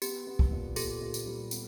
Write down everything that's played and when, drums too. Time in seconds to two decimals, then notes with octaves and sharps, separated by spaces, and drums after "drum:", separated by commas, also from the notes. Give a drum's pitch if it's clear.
0.02 B3 G4, drum: tambourine
0.27 B3
0.39 drum: kick
0.52 A#2
0.76 A#2 G4 A4, drum: tambourine
1.01 A#2
1.14 drum: tambourine
1.26 G3
1.51 B3, drum: tambourine